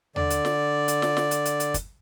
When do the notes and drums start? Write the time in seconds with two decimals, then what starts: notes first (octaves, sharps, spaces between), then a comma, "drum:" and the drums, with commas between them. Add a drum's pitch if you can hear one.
0.16 D3 D5, drum: tom D#2
0.30 drum: hi-hat
0.45 drum: snare
0.88 drum: hi-hat
1.02 drum: snare
1.17 drum: snare
1.31 drum: hi-hat
1.45 drum: hi-hat
1.60 drum: hi-hat
1.74 drum: kick, hi-hat